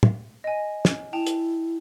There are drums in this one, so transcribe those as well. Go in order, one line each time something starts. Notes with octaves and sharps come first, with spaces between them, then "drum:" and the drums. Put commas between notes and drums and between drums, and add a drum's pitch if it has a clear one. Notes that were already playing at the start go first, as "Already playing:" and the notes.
drum: tom
D#5 G#5
drum: snare
E4 G5 A5 F7
drum: hi-hat